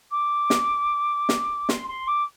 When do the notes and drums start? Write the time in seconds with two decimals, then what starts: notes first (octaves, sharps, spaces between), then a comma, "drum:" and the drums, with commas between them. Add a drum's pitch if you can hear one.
0.10 D6
0.50 drum: snare
1.29 drum: snare
1.69 C6, drum: snare
1.88 C6
2.07 D6